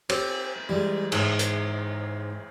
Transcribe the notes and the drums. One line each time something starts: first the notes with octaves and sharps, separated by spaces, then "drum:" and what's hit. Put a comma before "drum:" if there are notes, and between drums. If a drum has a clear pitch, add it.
C4 G4 C#5, drum: cymbal
E3 G3 G#3
G#2, drum: cymbal
drum: hi-hat